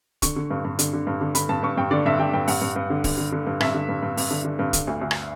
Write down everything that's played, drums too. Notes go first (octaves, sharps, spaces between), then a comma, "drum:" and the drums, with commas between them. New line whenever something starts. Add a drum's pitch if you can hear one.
D3 C#6, drum: kick, hi-hat
D3
G2
G2
D3, drum: hi-hat
D3
G2
D3
D3 B5, drum: hi-hat
G2 A5
G2 C#6
G2 G5
D3 D5
G2 E5
D3 G5
G2 G5
G2 F#5, drum: open hi-hat
G2
G2
D3
D3, drum: kick, open hi-hat
D3
D3
G2
G2 E5, drum: rim click
D3
G2
G2
G2, drum: open hi-hat
D3
D3
G2
D3, drum: kick, hi-hat
D2
D2
drum: rim click